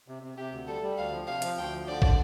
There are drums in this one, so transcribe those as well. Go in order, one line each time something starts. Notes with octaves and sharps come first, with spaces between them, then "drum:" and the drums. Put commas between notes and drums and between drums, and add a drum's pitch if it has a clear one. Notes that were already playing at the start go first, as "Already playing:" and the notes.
C3
C3
C3 G4
D2
G3 A4
G3
D2 F5
F3
C3 F5
F3, drum: hi-hat
D2 G5
F3
D3 D5
drum: kick